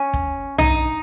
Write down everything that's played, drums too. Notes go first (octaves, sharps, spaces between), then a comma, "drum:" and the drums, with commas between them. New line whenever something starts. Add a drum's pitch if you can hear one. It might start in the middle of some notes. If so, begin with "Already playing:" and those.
Already playing: C#4
drum: kick
D#4, drum: tom